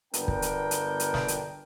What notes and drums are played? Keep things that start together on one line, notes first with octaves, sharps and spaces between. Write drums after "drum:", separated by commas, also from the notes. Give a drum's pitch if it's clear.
G1 B3 D4 A#4 G5, drum: hi-hat
drum: kick
drum: hi-hat
drum: hi-hat
drum: hi-hat
drum: snare
drum: hi-hat